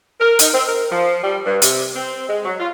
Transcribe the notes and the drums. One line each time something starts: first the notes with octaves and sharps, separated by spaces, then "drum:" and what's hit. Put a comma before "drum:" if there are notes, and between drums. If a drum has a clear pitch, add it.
A#4
D#4, drum: hi-hat
C4
A#4
F3
G3
G2
C3, drum: hi-hat
C4
G#3
F#3
F4